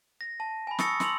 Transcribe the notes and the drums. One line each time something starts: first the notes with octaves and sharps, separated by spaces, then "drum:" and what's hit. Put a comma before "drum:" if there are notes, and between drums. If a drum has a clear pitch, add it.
A#6
A5
G#5 B5
C#6 D#6 E6 A6 A#6 C#7, drum: snare
C6 E6 F7 F#7, drum: snare